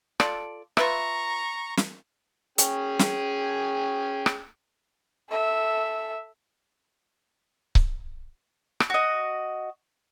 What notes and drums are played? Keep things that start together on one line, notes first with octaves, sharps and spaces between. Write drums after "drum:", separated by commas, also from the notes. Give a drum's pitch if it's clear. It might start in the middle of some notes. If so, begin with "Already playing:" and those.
F4 A4 D5, drum: rim click
F4 B4 E5 A#5 C#6, drum: rim click
drum: snare
C#4 G#4 G5, drum: hi-hat
drum: snare
drum: rim click
A4 E5
drum: kick C#1
drum: rim click
F#4 D#5